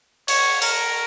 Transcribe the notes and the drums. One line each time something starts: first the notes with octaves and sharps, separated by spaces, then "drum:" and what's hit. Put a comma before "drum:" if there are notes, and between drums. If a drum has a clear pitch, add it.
C#5, drum: cymbal
A#4, drum: cymbal